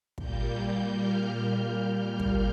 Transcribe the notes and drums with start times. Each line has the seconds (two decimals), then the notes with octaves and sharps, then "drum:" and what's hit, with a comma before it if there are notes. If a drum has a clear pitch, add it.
0.18 A#2 G3 A#3 G6, drum: kick
0.93 F6
1.69 F6
2.20 drum: kick